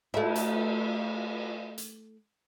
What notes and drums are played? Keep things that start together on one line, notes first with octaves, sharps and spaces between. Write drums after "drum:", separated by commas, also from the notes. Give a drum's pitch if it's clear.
A3 E4, drum: cymbal
drum: hi-hat
drum: hi-hat